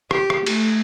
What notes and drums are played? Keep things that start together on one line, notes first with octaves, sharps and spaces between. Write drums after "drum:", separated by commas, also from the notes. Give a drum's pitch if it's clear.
G4, drum: rim click
drum: rim click
A3, drum: cymbal